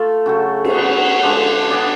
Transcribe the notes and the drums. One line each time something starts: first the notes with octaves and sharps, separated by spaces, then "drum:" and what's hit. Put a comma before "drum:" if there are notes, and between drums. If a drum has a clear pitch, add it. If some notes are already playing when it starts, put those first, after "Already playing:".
Already playing: A3 F4 A4 F5
C#3 F#3 A3
drum: cymbal
F#3 B3 F#4
D3 F3 G#3 D4
B3 D4 G#4 D5